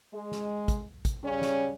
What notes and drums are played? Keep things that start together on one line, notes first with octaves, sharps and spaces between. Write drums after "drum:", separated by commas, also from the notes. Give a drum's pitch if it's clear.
G#3
drum: snare
drum: kick, hi-hat
drum: kick, hi-hat
C#3 G3 C#4
drum: snare